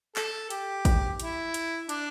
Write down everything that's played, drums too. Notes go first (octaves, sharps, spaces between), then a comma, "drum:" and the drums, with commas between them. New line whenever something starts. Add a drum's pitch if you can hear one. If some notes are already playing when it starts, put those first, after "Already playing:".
A4, drum: clap
G4, drum: hi-hat
drum: kick, hi-hat
E4, drum: hi-hat
drum: hi-hat
D4, drum: hi-hat